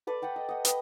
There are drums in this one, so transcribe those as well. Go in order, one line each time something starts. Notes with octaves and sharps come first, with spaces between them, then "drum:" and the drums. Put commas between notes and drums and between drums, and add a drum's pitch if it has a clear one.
A4 B4 D5
D5 F#5 G5 B5
D#5
D#5 F#5
B4 D#5 G5 B5, drum: hi-hat